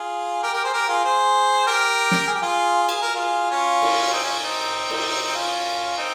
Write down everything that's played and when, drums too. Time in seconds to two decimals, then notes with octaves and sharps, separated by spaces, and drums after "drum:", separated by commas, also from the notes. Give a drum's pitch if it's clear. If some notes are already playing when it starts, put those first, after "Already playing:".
Already playing: F4 G#4
0.43 G4 A#4
0.54 G4 A#4
0.64 G#4 C5
0.73 G4 A#4
0.88 F4 G#4
1.04 G#4 C5
1.67 G4 A#4
2.11 drum: snare
2.27 G#4
2.35 G4
2.42 F4 G#4
2.89 G#4, drum: cymbal
3.02 A#4
3.15 F4 G#4
3.51 C#4 F4
3.82 drum: cymbal
4.12 C4 D#4
4.23 C#4 F4
4.43 C4 D#4
4.90 drum: cymbal
5.35 C#4 F4
5.97 C4 D#4